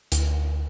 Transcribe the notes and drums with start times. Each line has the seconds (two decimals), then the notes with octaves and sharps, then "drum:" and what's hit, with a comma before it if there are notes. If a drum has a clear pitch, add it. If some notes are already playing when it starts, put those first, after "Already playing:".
0.12 D2, drum: hi-hat